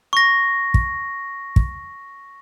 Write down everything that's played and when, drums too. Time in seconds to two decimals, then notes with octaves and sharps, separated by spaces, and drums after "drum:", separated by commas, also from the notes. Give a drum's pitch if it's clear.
0.13 C#6 A#6
0.74 drum: kick
1.56 drum: kick